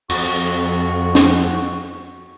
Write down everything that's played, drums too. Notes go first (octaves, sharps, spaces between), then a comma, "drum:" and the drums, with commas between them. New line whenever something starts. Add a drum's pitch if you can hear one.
F2 F#4, drum: cymbal
drum: hi-hat
drum: snare